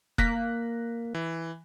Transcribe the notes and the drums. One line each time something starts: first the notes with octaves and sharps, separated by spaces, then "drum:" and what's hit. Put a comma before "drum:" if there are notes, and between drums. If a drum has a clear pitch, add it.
A#3 F#6 A#6 B6, drum: kick F1
E3